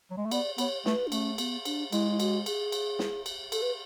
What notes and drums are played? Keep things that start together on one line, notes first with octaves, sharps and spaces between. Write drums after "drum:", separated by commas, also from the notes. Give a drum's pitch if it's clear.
F#3
G#3
A3
B3 D5, drum: cymbal
B3 C#5, drum: cymbal
A3 B4, drum: snare
D4
A3 C#4, drum: cymbal
B3, drum: cymbal
D4, drum: cymbal
G#3 E4, drum: cymbal
E4
F#4, drum: cymbal
G#4, drum: cymbal
drum: cymbal
drum: snare
drum: cymbal
A4, drum: cymbal
B4